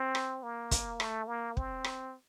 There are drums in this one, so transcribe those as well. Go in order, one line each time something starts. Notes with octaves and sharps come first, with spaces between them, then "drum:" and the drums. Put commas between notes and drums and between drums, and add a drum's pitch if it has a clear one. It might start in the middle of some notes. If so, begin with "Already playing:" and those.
Already playing: C4
drum: rim click
A#3
drum: kick, hi-hat
A3, drum: rim click
A#3
C4, drum: kick
drum: rim click